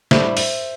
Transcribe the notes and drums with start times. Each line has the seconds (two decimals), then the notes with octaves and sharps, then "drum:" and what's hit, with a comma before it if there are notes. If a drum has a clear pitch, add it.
0.11 A2 G3 D4 C5 E5, drum: snare
0.37 C5 E5, drum: open hi-hat